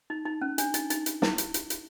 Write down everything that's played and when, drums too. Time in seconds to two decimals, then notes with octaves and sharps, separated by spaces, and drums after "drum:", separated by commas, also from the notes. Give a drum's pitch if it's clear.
0.10 D#4
0.26 D#4
0.42 C#4
0.58 D4, drum: hi-hat
0.74 D#4, drum: hi-hat
0.90 D#4, drum: hi-hat
1.06 drum: hi-hat
1.22 E4, drum: snare
1.38 drum: hi-hat
1.54 drum: hi-hat
1.70 drum: hi-hat